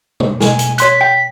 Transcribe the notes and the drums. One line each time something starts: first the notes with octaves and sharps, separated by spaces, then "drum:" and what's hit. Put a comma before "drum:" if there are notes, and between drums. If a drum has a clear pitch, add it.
drum: tom B2
G#5, drum: snare
drum: hi-hat
C#5 C6 F#6 B6, drum: hi-hat
G5